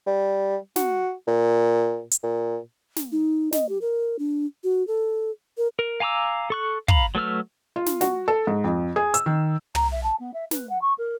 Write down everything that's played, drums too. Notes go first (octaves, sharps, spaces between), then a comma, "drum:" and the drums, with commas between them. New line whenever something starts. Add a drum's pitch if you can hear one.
G3
F#4, drum: snare
A#2
drum: hi-hat
A#2
drum: snare
D#4
D#5, drum: snare
G4
A#4
D4
F#4
A4
A#4
A#4
F5 G#5 A#5 D6 E6
A4 C#6 F#6
F5 A#5 B5, drum: kick
F#3 A3 B4 E6 F6
F4
drum: snare
F#4, drum: snare
A4
G#2
F2
G#4
E6, drum: hi-hat
D#3
A#5, drum: tom
E5
A5
B3
E5
B4, drum: snare
F#5
C#6
A#4